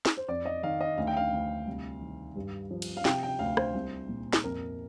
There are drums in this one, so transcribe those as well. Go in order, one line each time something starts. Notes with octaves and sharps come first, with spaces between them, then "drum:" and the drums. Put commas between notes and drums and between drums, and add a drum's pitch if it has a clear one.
drum: snare
C5
F2 D5
D#5
D#3 F5
D#5
D2 F5
G5
F5
D2
C2
D#3
G2
F3
drum: cymbal
F5
C3 G5, drum: snare
G5
D2 F5
C5, drum: rim click
C2
A#2
drum: snare
F2 A#4